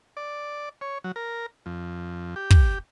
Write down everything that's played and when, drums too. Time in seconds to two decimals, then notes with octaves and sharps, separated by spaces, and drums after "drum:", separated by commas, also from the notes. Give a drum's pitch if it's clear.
0.17 D5
0.81 C#5
1.04 F#3
1.16 A#4
1.66 F2
2.36 G4
2.50 drum: kick